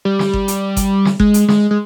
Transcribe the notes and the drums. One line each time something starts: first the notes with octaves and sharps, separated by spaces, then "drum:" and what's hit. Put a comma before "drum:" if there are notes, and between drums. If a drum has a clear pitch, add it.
G3
drum: snare
drum: kick G1
drum: hi-hat
drum: kick G1, hi-hat
drum: snare
G#3, drum: kick G1
drum: hi-hat
G#3, drum: snare
G#3